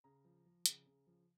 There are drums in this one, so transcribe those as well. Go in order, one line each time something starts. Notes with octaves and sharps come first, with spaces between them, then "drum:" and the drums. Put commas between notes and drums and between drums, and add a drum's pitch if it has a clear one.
C#3 A#5
F3
F3
C#3, drum: hi-hat
C#3
F3